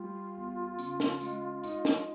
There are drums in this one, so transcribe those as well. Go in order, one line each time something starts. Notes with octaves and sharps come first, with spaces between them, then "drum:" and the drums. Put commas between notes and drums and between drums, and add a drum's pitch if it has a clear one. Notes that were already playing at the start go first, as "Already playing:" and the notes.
Already playing: G3 F4
E2
C#3, drum: tambourine
drum: snare
G#3, drum: tambourine
D#4, drum: tambourine
drum: snare